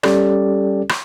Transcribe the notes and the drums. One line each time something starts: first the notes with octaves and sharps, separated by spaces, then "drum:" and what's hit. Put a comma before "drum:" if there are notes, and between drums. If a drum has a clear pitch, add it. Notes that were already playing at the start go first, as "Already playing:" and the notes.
G3 C#4 G4 A4 D5, drum: rim click
drum: rim click